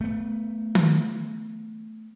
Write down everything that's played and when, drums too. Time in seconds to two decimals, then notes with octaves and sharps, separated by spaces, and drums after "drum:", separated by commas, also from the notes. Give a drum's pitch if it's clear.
0.01 A3 B3
0.75 drum: tom D#3